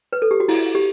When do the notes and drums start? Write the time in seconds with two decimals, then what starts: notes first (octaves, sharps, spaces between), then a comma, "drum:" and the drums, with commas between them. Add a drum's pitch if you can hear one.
0.13 B4
0.22 A4
0.31 G4
0.40 F#4
0.48 E4, drum: open hi-hat
0.75 G4